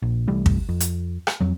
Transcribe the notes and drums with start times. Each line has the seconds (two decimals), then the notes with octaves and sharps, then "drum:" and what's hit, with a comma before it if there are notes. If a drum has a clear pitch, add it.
0.02 A#1
0.28 C2 E3 G3 A3
0.46 drum: kick
0.69 F2
0.80 drum: hi-hat
1.27 drum: rim click
1.40 F2 F#3